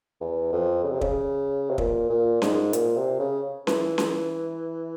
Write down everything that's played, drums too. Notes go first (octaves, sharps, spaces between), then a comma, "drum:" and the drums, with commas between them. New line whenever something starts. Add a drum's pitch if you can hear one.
E2
F2
C#3
C3
C#3, drum: kick
C3
A#2, drum: kick
A#2
G#2, drum: snare C#4
A#2, drum: hi-hat
C3
C#3
E3, drum: snare C#4
drum: snare C#4